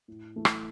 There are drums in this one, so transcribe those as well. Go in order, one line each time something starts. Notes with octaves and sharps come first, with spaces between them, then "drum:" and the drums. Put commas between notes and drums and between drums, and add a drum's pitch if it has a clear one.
A2
E3 A3
drum: rim click